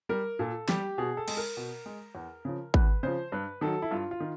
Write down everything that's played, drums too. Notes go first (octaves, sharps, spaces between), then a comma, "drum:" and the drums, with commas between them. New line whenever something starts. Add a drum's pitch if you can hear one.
G3 A#4
A#2 A4
G3 G4, drum: snare
B2 G#4
A4
G#3, drum: cymbal
A#4
B2
G#3
E2
C#3 F3
E2 B4, drum: kick G#1
C#3 F3 C5
G2 B4
D#3 F#3 A4
E4
G2 F4
F4
D#3